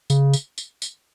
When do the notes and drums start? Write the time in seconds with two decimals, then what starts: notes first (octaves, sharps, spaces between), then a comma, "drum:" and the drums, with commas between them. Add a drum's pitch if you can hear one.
0.10 C#3, drum: tambourine
0.33 drum: tambourine
0.58 drum: tambourine
0.82 drum: tambourine